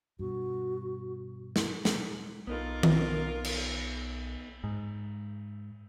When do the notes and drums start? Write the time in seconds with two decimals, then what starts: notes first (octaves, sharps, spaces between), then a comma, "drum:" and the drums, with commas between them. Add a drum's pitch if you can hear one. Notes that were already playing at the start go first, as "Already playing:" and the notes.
0.19 G2 B2 F#4
1.56 drum: snare
1.85 drum: snare
2.47 B1 B3 D#4 F4 A4 A#4
2.83 drum: tom D#3
3.45 drum: cymbal
4.64 G#2